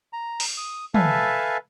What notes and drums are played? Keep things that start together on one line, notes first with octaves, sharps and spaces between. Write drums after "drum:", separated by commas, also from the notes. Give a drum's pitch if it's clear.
A#5
drum: open hi-hat
D#6
A4 B4 E5 F5 G#5 A5, drum: tom